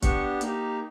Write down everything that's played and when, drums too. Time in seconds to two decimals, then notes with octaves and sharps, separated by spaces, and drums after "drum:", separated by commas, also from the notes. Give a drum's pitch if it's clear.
0.02 B3 D4 G4 C#6, drum: kick, hi-hat
0.41 A#3 D#4 G4, drum: hi-hat